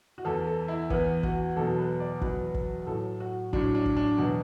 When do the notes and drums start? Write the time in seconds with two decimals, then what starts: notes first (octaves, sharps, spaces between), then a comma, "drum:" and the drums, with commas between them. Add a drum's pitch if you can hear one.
0.18 F#4
0.25 E2 E3 A4
0.47 A4
0.68 E4
0.90 E2 E3 B3, drum: kick
1.23 F#4, drum: kick
1.56 E2 B2 F#3 A4
1.78 B4
2.00 D5
2.22 E2 B2 F#3 B4, drum: kick
2.54 drum: kick
2.87 A2 F#3 A4
3.20 F#4
3.53 A2 F#3 D4, drum: kick
3.75 D4
3.86 drum: kick
3.97 D4
4.18 E2 B2 F#3